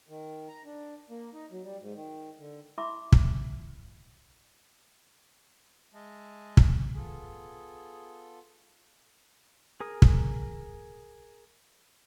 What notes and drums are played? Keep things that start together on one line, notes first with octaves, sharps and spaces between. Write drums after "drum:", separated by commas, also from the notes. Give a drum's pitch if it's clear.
D#3
A#5
D4
A#3
D#4
F#3
G3
G#2
D#3
D3
E4 E5 B5 C6 D6 E6
drum: kick
G#3 D#5 E5 A5
drum: kick
B3 F4 G#4 A4
G#4 A#4 D#6
drum: kick